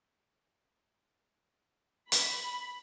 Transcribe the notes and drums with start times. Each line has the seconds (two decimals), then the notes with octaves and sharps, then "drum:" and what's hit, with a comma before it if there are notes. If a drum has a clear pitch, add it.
2.12 B5, drum: hi-hat